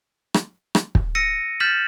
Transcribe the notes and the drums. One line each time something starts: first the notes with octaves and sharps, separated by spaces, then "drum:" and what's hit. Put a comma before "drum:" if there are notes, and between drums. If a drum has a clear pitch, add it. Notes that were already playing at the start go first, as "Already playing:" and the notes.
drum: rim click
drum: rim click
drum: kick
E6 A#6 C#7 D#7
F6 G6 A6 B6 E7 F#7